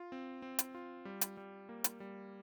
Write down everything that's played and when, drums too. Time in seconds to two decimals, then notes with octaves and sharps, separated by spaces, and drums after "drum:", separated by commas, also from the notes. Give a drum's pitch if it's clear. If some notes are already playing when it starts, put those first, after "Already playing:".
Already playing: F4
0.12 C4
0.42 C4
0.59 drum: hi-hat
0.75 F4
1.05 G3
1.21 drum: hi-hat
1.37 G3
1.69 A#3
1.84 drum: hi-hat
2.00 G3